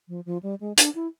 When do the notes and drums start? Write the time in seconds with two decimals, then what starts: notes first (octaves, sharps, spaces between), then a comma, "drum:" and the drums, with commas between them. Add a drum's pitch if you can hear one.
0.08 F3
0.26 F3
0.43 G3
0.60 G#3
0.78 D4, drum: hi-hat
0.95 E4